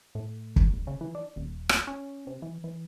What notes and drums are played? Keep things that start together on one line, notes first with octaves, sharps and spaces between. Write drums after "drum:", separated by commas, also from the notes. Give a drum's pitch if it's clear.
A2
drum: kick
D1
C#3
E3
D4
D#1
drum: rim click
C#4
C3
E3
E3